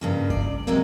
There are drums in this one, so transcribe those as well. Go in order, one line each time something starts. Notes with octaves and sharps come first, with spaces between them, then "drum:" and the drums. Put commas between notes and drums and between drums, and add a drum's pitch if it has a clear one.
G2 C#3 A#3
D5, drum: kick F#1
G#2 C3 F#3 G#3 A#3 C4